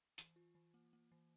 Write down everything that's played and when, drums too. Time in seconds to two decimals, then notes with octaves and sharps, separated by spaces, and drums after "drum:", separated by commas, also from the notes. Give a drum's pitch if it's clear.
0.18 E3, drum: hi-hat
0.36 F4
0.55 E3
0.74 A#3
0.93 A#3
1.12 E3